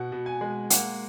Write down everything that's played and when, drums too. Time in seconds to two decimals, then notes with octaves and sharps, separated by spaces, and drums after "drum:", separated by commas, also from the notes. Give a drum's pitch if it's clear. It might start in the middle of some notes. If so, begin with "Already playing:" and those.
Already playing: B2 F#5
0.12 B2
0.26 G#5
0.41 G#3
0.70 A#3 F#5, drum: hi-hat